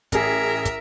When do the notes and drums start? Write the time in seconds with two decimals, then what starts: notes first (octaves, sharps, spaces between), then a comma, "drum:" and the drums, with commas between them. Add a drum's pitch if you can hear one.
0.12 A1 G#4 A#4 E5, drum: kick, hi-hat
0.65 drum: kick, hi-hat